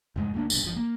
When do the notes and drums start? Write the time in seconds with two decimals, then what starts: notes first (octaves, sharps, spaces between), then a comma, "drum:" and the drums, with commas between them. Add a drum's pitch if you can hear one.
0.16 F1 G#2 G#3
0.34 D2 A#3 C4 D4
0.50 B1 G2, drum: tambourine
0.62 G1 F3
0.76 A#3